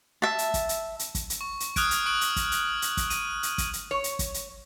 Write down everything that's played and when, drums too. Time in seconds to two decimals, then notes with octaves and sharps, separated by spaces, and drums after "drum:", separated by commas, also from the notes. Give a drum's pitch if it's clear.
0.22 E5 A5
0.38 drum: hi-hat
0.54 drum: kick, hi-hat
0.69 drum: hi-hat
0.99 drum: hi-hat
1.15 drum: kick, hi-hat
1.30 drum: hi-hat
1.41 C#6
1.60 drum: hi-hat
1.76 D#6 F6 F#6 G#6 D7, drum: kick, hi-hat
1.91 drum: hi-hat
2.06 C#6 D7 F#7
2.21 drum: hi-hat
2.36 drum: kick, hi-hat
2.52 drum: hi-hat
2.82 drum: hi-hat
2.97 drum: kick, hi-hat
3.10 D#7, drum: hi-hat
3.43 drum: hi-hat
3.58 drum: kick, hi-hat
3.73 drum: hi-hat
3.91 C#5
4.04 drum: hi-hat
4.19 drum: kick, hi-hat
4.34 drum: hi-hat